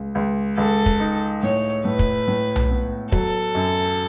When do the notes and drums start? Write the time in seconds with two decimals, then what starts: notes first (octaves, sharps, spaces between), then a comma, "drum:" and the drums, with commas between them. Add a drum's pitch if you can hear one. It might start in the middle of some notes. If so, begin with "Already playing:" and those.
Already playing: C#2
0.15 C#2
0.57 C#2 A4
0.86 drum: kick
1.00 D#4
1.42 A2 C#5
1.85 A2 B4
1.99 drum: kick
2.28 A2
2.56 drum: tom B1
2.71 B3
3.12 F#3 A4, drum: kick
3.55 F#2